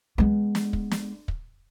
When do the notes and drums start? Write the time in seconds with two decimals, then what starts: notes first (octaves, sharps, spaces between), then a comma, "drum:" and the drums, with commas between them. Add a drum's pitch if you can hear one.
0.18 G#3 B3
0.55 drum: snare
0.73 drum: kick
0.91 drum: snare
1.28 drum: kick